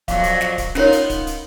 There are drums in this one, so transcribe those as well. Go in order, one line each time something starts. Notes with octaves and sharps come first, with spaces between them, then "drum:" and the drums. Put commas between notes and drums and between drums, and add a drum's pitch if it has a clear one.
F2 A#2 F#3 F5 D6, drum: kick D1, hi-hat
drum: hi-hat
drum: snare
drum: kick D1, hi-hat
B3 C#4 D#4 F4 A#4 C#5, drum: snare
drum: hi-hat
drum: kick D1, hi-hat
drum: hi-hat